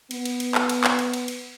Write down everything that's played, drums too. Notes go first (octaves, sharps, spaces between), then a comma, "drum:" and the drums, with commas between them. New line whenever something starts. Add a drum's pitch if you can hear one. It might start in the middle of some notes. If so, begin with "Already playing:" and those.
B3, drum: cymbal
drum: cymbal
drum: cymbal
drum: clap
drum: cymbal
drum: clap
drum: cymbal
drum: cymbal
drum: cymbal